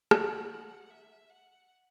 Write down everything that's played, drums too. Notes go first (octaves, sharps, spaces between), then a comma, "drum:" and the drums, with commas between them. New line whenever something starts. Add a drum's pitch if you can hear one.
F#5, drum: rim click
E5
F#5